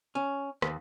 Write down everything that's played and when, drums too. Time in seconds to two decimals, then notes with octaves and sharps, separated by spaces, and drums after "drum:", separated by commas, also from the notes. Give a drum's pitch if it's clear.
0.15 C#4
0.62 D#2, drum: rim click